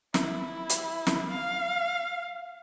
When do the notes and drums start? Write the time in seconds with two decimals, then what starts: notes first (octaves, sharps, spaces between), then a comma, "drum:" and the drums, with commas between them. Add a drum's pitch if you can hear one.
0.14 E4, drum: snare
0.70 drum: hi-hat
1.07 drum: snare
1.31 F5